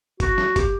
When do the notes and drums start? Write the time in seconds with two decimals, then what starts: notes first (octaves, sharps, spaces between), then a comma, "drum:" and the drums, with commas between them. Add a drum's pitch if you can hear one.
0.20 F#4, drum: kick F#1, hi-hat
0.38 drum: snare
0.56 G4, drum: kick F#1, hi-hat